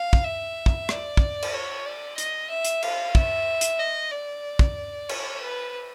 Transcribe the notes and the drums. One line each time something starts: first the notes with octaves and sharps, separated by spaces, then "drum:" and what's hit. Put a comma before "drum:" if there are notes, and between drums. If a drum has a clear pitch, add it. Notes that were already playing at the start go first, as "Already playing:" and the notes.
Already playing: F5
drum: kick
E5
drum: kick
D5, drum: rim click
drum: kick
drum: cymbal
C#5
D5
D#5, drum: hi-hat
E5
drum: hi-hat
F5, drum: cymbal
E5, drum: kick
drum: hi-hat
D#5
D5
drum: kick
C#5, drum: cymbal
B4